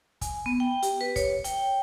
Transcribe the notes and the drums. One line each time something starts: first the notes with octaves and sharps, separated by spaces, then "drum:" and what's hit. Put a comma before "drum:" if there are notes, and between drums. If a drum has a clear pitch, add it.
G#5, drum: kick, hi-hat
B3
G5
G4, drum: hi-hat
B4
C#5, drum: kick, hi-hat
G5, drum: hi-hat